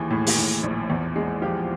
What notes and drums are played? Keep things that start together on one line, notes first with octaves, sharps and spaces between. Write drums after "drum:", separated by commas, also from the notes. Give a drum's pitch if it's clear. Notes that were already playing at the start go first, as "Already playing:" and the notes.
Already playing: D#2 E3 G#4
A2
drum: open hi-hat
A2
A#1
E2
G#3
F3 F4 G4